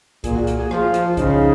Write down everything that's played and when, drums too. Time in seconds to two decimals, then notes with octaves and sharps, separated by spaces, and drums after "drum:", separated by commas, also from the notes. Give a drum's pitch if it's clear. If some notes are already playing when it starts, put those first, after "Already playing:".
0.24 A#2 G#4, drum: kick C2, hi-hat
0.35 F#4
0.47 drum: hi-hat
0.59 G#4
0.71 F3, drum: rim click
0.94 F4, drum: hi-hat
1.17 C#3 D#4, drum: kick C2, hi-hat